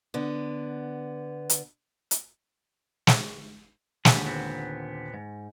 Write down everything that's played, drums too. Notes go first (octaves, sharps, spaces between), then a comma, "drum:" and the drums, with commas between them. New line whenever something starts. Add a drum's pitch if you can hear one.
D3 B3
drum: hi-hat
drum: hi-hat
drum: snare
D#2 D3 G3 G#4, drum: snare
A#2 B3 C4
G#2